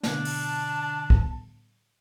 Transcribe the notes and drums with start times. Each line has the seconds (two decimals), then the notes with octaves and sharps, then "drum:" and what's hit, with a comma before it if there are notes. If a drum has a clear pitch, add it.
0.03 B2 D3 D4 A5, drum: snare
0.25 drum: open hi-hat
1.10 drum: kick